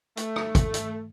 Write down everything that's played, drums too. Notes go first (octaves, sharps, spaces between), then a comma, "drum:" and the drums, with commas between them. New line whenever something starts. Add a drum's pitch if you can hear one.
A3, drum: hi-hat
drum: rim click
drum: kick, hi-hat
drum: hi-hat